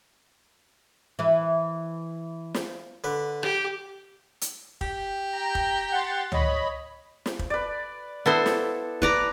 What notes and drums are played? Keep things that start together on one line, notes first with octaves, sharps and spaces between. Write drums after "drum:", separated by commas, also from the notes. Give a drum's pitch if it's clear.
E3 E4 B4
drum: snare
D3 B4
G4, drum: rim click
drum: hi-hat
G4, drum: kick
G5 A#5
drum: kick
F#5 C6 A6
C#5 D#5 B5, drum: tom C#2
drum: snare
drum: kick
B4 D5
B3 E4 A4 C5
drum: snare
B4 D5 A#5, drum: kick